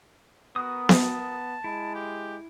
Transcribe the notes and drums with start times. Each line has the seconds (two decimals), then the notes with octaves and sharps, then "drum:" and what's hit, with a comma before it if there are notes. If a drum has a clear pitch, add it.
0.56 B3 F#4 A#4 D#6
0.89 A5, drum: snare B3
1.64 G#3 E4
1.95 G4